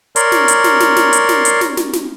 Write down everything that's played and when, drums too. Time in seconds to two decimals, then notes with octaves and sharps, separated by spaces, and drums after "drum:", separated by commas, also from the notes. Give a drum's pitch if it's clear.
0.16 A#4 C#5 D5 C6, drum: hi-hat
0.32 drum: snare
0.48 drum: hi-hat
0.64 drum: snare
0.80 drum: snare
0.96 drum: snare
1.13 drum: hi-hat
1.29 drum: snare
1.45 drum: hi-hat
1.61 drum: snare
1.77 drum: snare
1.93 drum: snare